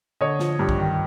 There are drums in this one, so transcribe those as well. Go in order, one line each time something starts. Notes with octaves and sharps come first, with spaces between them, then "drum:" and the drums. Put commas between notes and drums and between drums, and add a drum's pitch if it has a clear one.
D3 C#5 D#5
F3, drum: snare
G2
drum: kick
D#3